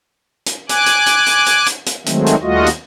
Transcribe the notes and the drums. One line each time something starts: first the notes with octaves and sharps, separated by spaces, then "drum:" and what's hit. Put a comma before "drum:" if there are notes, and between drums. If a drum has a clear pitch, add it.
drum: hi-hat
G#5 D6 F#6, drum: hi-hat
drum: hi-hat
drum: hi-hat
drum: hi-hat
drum: hi-hat
drum: hi-hat
drum: hi-hat
D#3 F#3 G#3 A3 C4, drum: hi-hat
drum: hi-hat
D#2 G3 A3 F4 F#4 D#5
drum: hi-hat